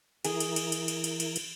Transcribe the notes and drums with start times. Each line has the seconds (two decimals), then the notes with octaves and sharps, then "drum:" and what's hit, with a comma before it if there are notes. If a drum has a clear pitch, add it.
0.25 E3 E4 G#4 A#4, drum: cymbal
0.40 drum: cymbal
0.56 drum: cymbal
0.72 drum: cymbal
0.88 drum: cymbal
1.04 drum: cymbal
1.20 drum: cymbal
1.36 drum: cymbal